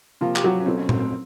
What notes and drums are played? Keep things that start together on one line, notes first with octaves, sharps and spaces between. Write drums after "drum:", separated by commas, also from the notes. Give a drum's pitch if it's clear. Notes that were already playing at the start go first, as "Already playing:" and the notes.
C3 F3 A#3 F4
G4, drum: clap
F#3 F#4
C#4
B2 F#3 A3 C4
C#4
C4, drum: tom A#2
C4